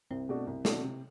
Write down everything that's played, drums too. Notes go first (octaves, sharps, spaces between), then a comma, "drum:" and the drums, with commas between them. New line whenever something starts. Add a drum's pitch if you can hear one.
C2 C4
B2 A3 D4 F#4
C2
B2 A3 D4 F#4, drum: snare
C3